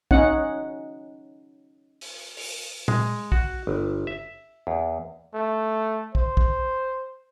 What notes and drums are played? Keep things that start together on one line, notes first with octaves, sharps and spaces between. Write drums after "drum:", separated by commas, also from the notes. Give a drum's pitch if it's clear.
C#4 D#4 F#5, drum: kick
drum: open hi-hat
drum: open hi-hat
G#3, drum: tom A#2
F#4, drum: kick
G1
E5
E2
A3
C5, drum: kick
drum: kick